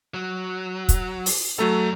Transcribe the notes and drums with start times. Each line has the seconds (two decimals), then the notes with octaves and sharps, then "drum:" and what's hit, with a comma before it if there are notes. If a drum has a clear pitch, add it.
0.14 F#3
0.89 drum: kick, hi-hat
1.26 drum: open hi-hat
1.59 F#2 F#3 A3 A4 A#5